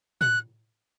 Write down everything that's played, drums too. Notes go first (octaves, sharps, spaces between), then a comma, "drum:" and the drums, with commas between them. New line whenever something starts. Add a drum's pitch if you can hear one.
F#6, drum: tom